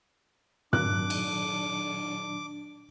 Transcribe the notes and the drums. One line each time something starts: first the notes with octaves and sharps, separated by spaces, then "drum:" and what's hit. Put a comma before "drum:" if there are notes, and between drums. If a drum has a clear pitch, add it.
A#2 D#3 F#3 D4 D6 F#6, drum: tom
drum: cymbal